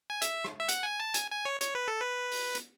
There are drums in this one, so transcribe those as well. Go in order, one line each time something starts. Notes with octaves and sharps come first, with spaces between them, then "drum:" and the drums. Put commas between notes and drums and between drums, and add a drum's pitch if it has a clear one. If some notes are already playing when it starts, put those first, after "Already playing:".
G#5
E5, drum: hi-hat
drum: rim click
E5
F#5, drum: hi-hat
G#5
A5
G#5, drum: hi-hat
G#5
C#5
C#5, drum: hi-hat
B4
A4
B4
drum: open hi-hat
drum: hi-hat